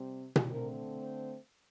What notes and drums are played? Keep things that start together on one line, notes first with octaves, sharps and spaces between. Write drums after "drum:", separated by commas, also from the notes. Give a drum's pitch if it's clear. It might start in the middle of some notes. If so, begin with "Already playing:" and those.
Already playing: C3 G3 C4
drum: tom B2
D3 A3 C4 A#4
C5